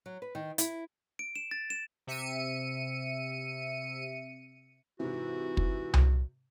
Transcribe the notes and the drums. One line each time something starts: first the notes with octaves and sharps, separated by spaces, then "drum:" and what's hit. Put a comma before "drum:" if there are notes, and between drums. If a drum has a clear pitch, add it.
F#3
B4
D#3
E4, drum: hi-hat
D7
E7
A6
E7
C3 E5 C#7 D#7
G#2 C3 E3 F#4
drum: kick
drum: tom C2